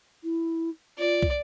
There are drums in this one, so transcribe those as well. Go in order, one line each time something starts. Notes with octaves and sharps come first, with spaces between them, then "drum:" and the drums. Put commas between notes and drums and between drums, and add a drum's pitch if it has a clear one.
E4
F4 D5
drum: kick